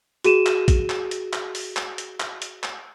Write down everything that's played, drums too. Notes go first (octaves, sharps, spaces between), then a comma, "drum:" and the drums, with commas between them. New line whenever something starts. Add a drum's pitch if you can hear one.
F#4 G#4 D#7 E7, drum: hi-hat
drum: clap
drum: kick, hi-hat
drum: clap
drum: hi-hat
drum: clap
drum: open hi-hat
drum: clap
drum: hi-hat
drum: clap
drum: hi-hat
drum: clap